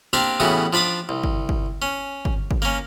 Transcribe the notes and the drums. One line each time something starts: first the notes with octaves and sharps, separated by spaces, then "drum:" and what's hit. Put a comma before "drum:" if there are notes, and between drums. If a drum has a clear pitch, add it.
A#3 C4 D4 G4 F5
A2 C#3 E3 G3 B3 F#4
F3 D4 B5 D6 D#6
C2
drum: kick
drum: kick
C#4
drum: kick
drum: kick
A#3 C#4